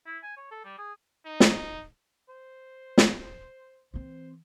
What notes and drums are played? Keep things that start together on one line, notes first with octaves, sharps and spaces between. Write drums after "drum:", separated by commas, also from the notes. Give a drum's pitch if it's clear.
E4
G#5
C#5
A4
G3
G#4
D#4
drum: snare
C5
drum: snare
E3 C4 C5